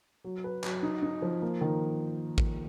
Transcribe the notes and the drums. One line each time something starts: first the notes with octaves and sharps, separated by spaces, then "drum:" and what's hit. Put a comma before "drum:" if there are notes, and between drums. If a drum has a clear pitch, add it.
F#3
B4
F#3, drum: clap
D#4
D#4
F3
A#3
D#3
drum: kick